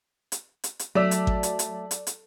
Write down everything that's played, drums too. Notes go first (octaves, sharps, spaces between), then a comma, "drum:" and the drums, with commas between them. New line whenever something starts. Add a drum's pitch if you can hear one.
drum: hi-hat
drum: hi-hat
drum: hi-hat
F#3 A3 D5 E6
drum: hi-hat
drum: kick G#1
drum: hi-hat
drum: hi-hat
drum: hi-hat
drum: hi-hat